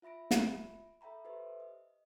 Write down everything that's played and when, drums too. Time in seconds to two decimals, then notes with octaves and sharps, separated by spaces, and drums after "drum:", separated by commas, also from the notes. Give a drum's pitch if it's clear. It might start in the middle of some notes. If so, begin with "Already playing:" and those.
0.02 F4 E5 B5 A#6 D7
0.31 drum: snare
1.01 A4 E5 G5 A#5 B5
1.25 G4 A4 B4 C5 E5
1.60 D#5